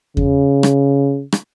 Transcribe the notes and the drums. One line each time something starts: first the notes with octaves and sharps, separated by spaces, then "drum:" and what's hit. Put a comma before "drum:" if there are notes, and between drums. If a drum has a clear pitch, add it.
C#3, drum: kick E2
drum: rim click
drum: rim click